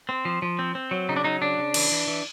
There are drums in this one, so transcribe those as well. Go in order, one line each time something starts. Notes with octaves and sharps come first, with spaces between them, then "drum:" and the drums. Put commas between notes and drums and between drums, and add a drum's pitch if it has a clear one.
C4
F3
F3
C4
C4
F#3
C#3 D#4
D4
F#3 D#4
C#3 D4
C#3
E3, drum: cymbal
E3
E3